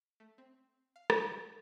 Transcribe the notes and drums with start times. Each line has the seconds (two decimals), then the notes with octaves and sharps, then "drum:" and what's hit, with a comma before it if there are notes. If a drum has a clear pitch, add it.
0.20 A3
0.38 C4
0.96 F5
1.10 F#5, drum: rim click